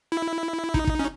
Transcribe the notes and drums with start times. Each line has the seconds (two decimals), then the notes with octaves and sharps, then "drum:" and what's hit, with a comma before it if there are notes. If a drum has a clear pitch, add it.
0.12 E4
0.74 D#4, drum: kick
0.87 drum: kick
0.99 C#4